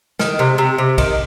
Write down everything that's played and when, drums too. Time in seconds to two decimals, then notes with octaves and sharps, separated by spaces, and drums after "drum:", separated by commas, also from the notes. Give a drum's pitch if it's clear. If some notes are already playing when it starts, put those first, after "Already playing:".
0.19 D#3, drum: snare
0.39 C3
0.58 C3
0.78 C3
0.98 D#3, drum: kick B1, cymbal